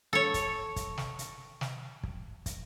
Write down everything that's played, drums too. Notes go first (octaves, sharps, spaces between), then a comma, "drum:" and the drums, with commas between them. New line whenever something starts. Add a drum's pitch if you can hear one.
A4 C#5
drum: kick, hi-hat
drum: kick, hi-hat
drum: snare
drum: hi-hat
drum: snare
drum: kick
drum: kick, hi-hat